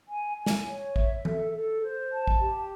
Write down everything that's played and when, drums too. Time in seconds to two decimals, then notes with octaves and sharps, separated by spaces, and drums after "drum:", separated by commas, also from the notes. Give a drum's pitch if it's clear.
0.09 G#5
0.37 G#5
0.46 drum: snare
0.66 C#5
0.96 E5, drum: kick
1.25 A4, drum: tom E3
1.54 A4
1.83 C5
2.12 A5
2.27 drum: kick
2.40 G4